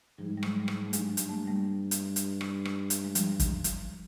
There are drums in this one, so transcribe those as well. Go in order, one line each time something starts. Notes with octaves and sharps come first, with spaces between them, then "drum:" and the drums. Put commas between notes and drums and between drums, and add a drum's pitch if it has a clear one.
G#2 F3 G3
G3
F#3 G#3, drum: rim click
G3
F#3 G#3, drum: rim click
A3
G2 F#3 G#3, drum: hi-hat
drum: hi-hat
A3
A#3
G3 A3
drum: hi-hat
drum: hi-hat
drum: rim click
drum: rim click
drum: hi-hat
G#3
F3 G3, drum: hi-hat
drum: kick, hi-hat
drum: hi-hat